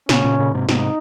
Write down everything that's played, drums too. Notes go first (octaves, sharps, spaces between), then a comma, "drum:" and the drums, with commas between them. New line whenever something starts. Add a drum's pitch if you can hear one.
A#2 C#3 C#4, drum: snare
A#2 C#3
A#2 C#3
G#2 C3
G#2 C3 D#4, drum: snare